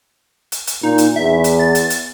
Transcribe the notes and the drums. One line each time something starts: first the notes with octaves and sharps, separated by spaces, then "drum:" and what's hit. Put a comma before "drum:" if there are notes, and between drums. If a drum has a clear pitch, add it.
drum: hi-hat
drum: hi-hat
A#2 D#4
drum: hi-hat
E2 E5
drum: hi-hat
A6
drum: hi-hat
drum: hi-hat